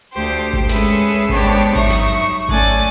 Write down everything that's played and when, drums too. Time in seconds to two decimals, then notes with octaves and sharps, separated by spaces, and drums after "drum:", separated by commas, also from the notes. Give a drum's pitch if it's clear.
0.13 D2 G4 C5
0.53 drum: kick G#1
0.69 G#3 C#4 G#4 A4 B4 E5, drum: snare
1.29 G#3 B3 D4 G4 C5 C#5, drum: kick G#1
1.76 G2 F#3 D#4 E5 C#6 A#6, drum: kick G#1
1.90 drum: snare
2.49 A3 C#4 D5 G#5 F#6 A6, drum: kick G#1